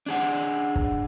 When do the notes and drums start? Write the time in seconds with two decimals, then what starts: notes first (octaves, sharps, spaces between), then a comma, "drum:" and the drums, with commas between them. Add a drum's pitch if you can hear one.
0.06 D4 G#4 F#5
0.76 drum: kick